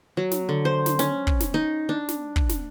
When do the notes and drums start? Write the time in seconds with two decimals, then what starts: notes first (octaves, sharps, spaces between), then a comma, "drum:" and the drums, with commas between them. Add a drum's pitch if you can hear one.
0.17 F#3
0.31 drum: snare
0.49 D3
0.65 C5
0.86 drum: snare
0.99 C#4, drum: snare
1.27 drum: kick
1.40 drum: snare
1.54 D#4
1.89 D4
2.09 drum: snare
2.36 drum: kick
2.49 drum: snare